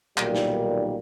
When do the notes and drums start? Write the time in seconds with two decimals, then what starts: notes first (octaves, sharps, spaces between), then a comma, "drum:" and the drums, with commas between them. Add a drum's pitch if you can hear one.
0.17 B1 A#2 D#3 G3, drum: clap
0.34 drum: snare